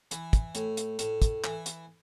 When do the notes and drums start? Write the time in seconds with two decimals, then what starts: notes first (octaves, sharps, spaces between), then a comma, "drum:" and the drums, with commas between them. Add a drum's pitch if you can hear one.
0.11 E3, drum: hi-hat
0.33 drum: kick, hi-hat
0.55 A2, drum: hi-hat
0.77 drum: hi-hat
0.99 A2, drum: hi-hat
1.22 drum: kick, hi-hat
1.44 E3, drum: clap
1.66 drum: hi-hat